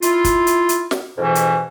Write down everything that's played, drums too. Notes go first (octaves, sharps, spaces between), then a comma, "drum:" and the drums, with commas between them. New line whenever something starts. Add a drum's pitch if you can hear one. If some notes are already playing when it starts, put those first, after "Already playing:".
E4 F4, drum: hi-hat
drum: kick, hi-hat
drum: hi-hat
drum: hi-hat
drum: snare
F2 G#2 B2 E3
drum: hi-hat